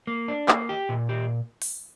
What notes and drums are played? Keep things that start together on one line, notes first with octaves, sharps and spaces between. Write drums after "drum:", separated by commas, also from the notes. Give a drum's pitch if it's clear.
A#3
D4
A#3, drum: clap
G4
A#2
G4
drum: open hi-hat